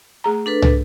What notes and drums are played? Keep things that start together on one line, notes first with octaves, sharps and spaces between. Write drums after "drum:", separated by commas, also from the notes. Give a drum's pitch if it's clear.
A3 G#4 A#5
D4 A4 B4
drum: tom